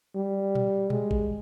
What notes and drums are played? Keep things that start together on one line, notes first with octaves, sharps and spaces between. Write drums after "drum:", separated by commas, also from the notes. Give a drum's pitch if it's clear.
G3
drum: tom A#2
G#3, drum: tom A#2
drum: kick